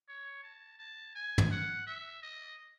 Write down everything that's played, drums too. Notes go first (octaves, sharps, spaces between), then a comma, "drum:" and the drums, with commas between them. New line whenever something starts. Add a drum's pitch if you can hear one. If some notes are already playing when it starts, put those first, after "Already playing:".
C#5
A5
A5
G#5
drum: tom
F#5
E5
D#5